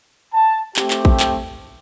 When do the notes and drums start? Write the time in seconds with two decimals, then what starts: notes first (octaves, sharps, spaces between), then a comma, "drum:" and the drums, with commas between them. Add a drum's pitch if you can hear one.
0.33 A5
0.76 A3 C4 G4, drum: clap
0.90 drum: clap
1.05 drum: kick
1.20 G5, drum: clap